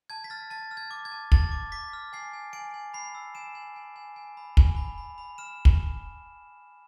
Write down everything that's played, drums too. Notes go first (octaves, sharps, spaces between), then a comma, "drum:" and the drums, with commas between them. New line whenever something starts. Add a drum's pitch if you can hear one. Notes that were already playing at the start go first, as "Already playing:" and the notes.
A5 G#6
B6
F6 A6
A5 A6
F6
G#6
D6
G#6
A5
A5 A6, drum: kick
D6
D6 B6
F6
G#5 C7
G#5
G#5 D7
G#5
B5 C7
E6
G#5 E7
G#5
G#5
G#5
G#5
B5
G#5, drum: kick
B5
B5
B5
F6 E7
drum: kick